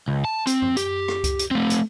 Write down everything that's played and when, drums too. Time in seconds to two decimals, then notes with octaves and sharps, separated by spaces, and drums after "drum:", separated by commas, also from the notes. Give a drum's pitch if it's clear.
0.08 C#2
0.25 A5
0.47 C4, drum: hi-hat
0.62 drum: tom F#2
0.77 G4, drum: hi-hat
1.08 drum: rim click
1.24 drum: kick C#2, hi-hat
1.39 drum: hi-hat
1.51 A3 C4
1.70 drum: hi-hat